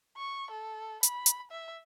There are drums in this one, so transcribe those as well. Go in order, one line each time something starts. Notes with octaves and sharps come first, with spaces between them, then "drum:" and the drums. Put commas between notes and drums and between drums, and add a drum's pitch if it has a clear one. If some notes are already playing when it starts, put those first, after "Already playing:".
C#6
A4
B5, drum: hi-hat
drum: hi-hat
E5